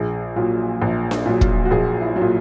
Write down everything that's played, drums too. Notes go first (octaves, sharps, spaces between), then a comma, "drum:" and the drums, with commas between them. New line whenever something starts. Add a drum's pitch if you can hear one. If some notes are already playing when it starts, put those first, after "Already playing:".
Already playing: A#1 G#4
A#2 F#3
A#1
drum: snare D4
A#2 F#3
drum: kick
F#4
A#1 G#4
E4
F#3
A#2